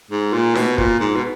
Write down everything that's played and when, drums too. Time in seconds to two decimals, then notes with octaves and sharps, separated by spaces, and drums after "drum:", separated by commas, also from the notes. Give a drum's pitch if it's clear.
0.11 G#2
0.33 A#2
0.55 B2, drum: snare D#4
0.78 A#2, drum: kick
1.00 G#2
1.16 B2